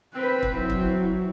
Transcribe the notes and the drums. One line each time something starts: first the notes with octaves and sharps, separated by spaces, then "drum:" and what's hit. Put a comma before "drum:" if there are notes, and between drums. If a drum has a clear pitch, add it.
C4 B4 B5
drum: kick
F#3 E4
drum: kick